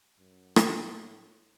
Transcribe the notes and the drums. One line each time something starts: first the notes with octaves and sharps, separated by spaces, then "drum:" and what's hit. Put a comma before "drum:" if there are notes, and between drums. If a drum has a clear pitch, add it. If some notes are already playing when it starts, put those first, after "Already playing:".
F#2
drum: rim click
A2